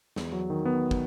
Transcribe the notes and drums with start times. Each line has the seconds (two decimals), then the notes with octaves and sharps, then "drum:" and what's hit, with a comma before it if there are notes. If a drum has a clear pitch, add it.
0.16 E2, drum: snare
0.32 F#3
0.50 D#3
0.65 B3
0.91 drum: kick